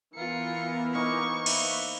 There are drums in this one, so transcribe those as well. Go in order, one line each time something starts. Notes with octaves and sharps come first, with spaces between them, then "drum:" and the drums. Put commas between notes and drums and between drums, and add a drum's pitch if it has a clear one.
E3 B3 F4 A#4 C#7
A#3 D#4 C5 C#6
B4 E5, drum: cymbal